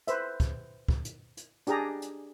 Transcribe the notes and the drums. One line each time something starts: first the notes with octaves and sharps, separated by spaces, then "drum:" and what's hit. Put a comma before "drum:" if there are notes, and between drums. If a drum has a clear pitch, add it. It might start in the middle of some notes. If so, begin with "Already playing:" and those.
B4 C5 E5, drum: hi-hat
drum: kick, hi-hat
drum: kick
drum: hi-hat
drum: hi-hat
D4 G4 G#4 D5 A#5, drum: hi-hat
drum: hi-hat